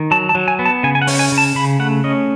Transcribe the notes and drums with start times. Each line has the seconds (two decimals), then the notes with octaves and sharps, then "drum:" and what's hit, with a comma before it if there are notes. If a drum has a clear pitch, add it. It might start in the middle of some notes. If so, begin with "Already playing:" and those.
Already playing: D#3
0.11 F#3 A5
0.29 A5
0.35 F#3
0.48 G#5
0.59 B3
0.65 A5
0.83 C#3 G#5
0.95 G#5
1.02 F#5
1.07 C#4, drum: open hi-hat
1.19 G#5
1.32 C#3
1.38 A5
1.55 C#3 B5
1.79 A3 F#5
2.04 C#4 D#5